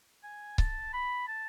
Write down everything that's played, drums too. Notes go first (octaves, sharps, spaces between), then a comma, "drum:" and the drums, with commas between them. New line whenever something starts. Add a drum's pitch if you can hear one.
G#5
A5, drum: kick C#1
B5
A5